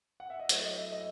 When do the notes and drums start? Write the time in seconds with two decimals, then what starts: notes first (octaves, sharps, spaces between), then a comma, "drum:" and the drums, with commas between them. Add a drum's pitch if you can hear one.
0.20 F#5
0.30 E5
0.39 D#5
0.49 F#3 A3 E4 C#5, drum: hi-hat
0.64 D#5
0.77 E5
0.92 D#5